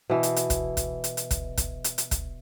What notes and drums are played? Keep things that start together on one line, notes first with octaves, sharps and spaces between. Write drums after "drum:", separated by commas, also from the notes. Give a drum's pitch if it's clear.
B2 E3
drum: hi-hat
drum: hi-hat
drum: kick, hi-hat
drum: kick, hi-hat
drum: hi-hat
drum: hi-hat
drum: kick, hi-hat
drum: kick, hi-hat
drum: hi-hat
drum: hi-hat
drum: kick, hi-hat